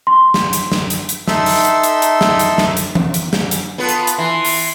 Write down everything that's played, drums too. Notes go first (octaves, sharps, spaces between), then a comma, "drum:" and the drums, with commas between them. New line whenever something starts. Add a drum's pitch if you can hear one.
C6
drum: snare
drum: hi-hat
drum: snare
drum: hi-hat
drum: hi-hat
D#4 A4 E5 C6 E6, drum: snare
drum: open hi-hat
drum: hi-hat
drum: hi-hat
drum: hi-hat
drum: snare
drum: hi-hat
drum: snare
drum: hi-hat
drum: tom E3
drum: hi-hat
drum: snare
drum: hi-hat
B3 F4 A4 B4
drum: hi-hat
drum: hi-hat
E3 C6
drum: open hi-hat